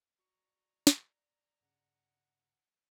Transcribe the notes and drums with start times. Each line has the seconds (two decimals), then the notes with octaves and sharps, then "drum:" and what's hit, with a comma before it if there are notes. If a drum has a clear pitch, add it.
0.19 F#4 D5 A#5 C#6
0.87 drum: snare
1.61 G2 C#3 F#5